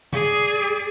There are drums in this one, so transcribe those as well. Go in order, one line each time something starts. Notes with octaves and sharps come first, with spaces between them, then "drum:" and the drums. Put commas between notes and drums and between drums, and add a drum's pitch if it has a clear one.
G#4 D5, drum: tom B2